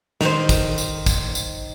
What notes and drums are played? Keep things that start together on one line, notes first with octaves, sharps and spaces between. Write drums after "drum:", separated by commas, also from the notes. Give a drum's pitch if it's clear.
D#3 C5, drum: snare
drum: kick, tambourine
drum: tambourine
drum: kick, tambourine
drum: tambourine